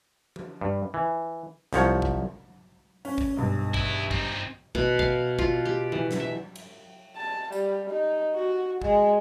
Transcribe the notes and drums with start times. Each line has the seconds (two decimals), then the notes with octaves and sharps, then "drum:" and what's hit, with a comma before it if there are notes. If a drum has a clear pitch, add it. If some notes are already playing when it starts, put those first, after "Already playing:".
0.36 drum: tom E3
0.61 G2
0.94 E3
1.73 C2 F3 C#5, drum: snare
2.02 drum: kick
3.05 C#4, drum: open hi-hat
3.18 drum: kick
3.37 B1 G2
3.74 B3 E4, drum: kick
4.11 C4 D#4, drum: kick
4.75 B2, drum: kick
4.99 F5, drum: kick
5.39 F4, drum: kick
5.65 G4
5.92 E3, drum: tom A2
6.11 drum: snare
6.20 E5
6.55 drum: cymbal
7.17 A5
7.52 G3, drum: tambourine
7.90 D#4
8.35 F#4
8.82 G#3, drum: kick